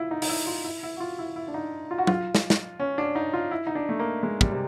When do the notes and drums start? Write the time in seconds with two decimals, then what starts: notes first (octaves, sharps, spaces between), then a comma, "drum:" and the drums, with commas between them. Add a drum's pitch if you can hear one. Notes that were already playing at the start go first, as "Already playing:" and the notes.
Already playing: E4 F4
0.11 D#4
0.22 D#4, drum: open hi-hat
0.29 E4
0.47 F4
0.64 E4
0.83 E4
0.97 F#4
1.00 F4
1.19 E4
1.36 E4
1.48 D4
1.54 D#4
1.91 F4
1.98 F#4
2.07 F4, drum: tom F#3
2.35 drum: snare
2.50 drum: snare
2.80 C#4
2.98 D4
3.15 D#4
3.33 F4
3.51 E4
3.67 D#4
3.75 D4
3.89 A3
3.99 A#3
4.23 G#3
4.41 G3, drum: kick
4.52 C3